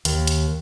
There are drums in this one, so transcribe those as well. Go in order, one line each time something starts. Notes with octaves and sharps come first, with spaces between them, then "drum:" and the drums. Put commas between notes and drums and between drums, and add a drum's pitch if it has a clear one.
D#2, drum: hi-hat
drum: hi-hat